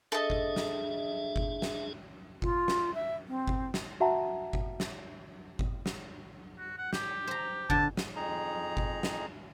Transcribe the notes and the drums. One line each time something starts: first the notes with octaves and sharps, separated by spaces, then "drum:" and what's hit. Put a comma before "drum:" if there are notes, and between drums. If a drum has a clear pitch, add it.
D4 G#4 A4 D#5 E5
drum: kick G1
drum: snare
drum: kick G1
drum: snare
F4, drum: kick G1
drum: snare
E5
C4
drum: kick G1
drum: snare
F#4 E5 F#5 A5 A#5
drum: kick G1
drum: snare
drum: kick G1
drum: snare
F#4
F#5
G4, drum: snare
C5 A#5
D3 A5, drum: kick G1
drum: snare
F2 D#4 G#4 A#5
drum: kick G1
drum: snare